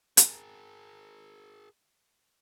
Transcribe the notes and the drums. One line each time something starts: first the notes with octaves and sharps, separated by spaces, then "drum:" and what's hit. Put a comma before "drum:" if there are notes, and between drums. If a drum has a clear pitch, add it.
G#4 A#4, drum: hi-hat